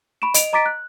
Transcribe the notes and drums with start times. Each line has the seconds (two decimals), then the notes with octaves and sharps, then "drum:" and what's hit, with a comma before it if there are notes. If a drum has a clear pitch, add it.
0.22 B5 C#6 D7 E7
0.34 D#5 D7 F7, drum: hi-hat
0.53 D#5 A#5 D6 A6 B6 D7
0.66 F#6